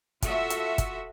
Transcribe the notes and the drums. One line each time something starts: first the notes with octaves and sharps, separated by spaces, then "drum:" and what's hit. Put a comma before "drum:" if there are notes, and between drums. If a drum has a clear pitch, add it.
F4 F#4 A4 E5, drum: kick, hi-hat
drum: hi-hat
drum: kick, hi-hat